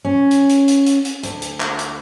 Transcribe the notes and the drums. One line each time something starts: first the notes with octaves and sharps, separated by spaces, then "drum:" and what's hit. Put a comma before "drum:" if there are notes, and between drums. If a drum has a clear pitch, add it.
C#4
drum: hi-hat
drum: hi-hat
drum: hi-hat
drum: hi-hat
drum: hi-hat
D2, drum: hi-hat
drum: hi-hat
drum: clap
drum: hi-hat